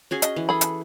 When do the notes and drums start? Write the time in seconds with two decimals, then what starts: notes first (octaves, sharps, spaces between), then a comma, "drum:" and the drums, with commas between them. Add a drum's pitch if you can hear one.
0.11 C#4 F#4 G#4
0.22 D#5, drum: hi-hat
0.36 E3
0.49 G#4 A4 B5
0.61 drum: hi-hat